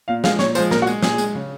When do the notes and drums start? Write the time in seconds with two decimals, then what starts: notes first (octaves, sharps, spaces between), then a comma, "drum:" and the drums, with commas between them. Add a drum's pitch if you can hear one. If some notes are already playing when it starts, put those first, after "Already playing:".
0.08 A#2 F5
0.24 F3 G#3 F5, drum: snare
0.39 A#2 C#5, drum: snare
0.55 F3 G#3 C5, drum: tambourine
0.71 A#2 A#4, drum: snare
0.82 F#4
0.87 G#3, drum: tambourine
1.03 A#2 G#4, drum: snare
1.18 G#3, drum: tambourine
1.35 C#3